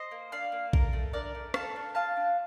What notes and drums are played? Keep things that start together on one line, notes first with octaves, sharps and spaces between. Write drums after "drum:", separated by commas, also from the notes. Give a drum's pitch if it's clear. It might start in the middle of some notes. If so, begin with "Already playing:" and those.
Already playing: C5 D#5
A#3
D4 D5 F5
A#3
A4 A#4, drum: kick A#1
A3
D4 A#4 D5
A3
A4 F5 A5, drum: rim click
D4
F4 F5 A5
D4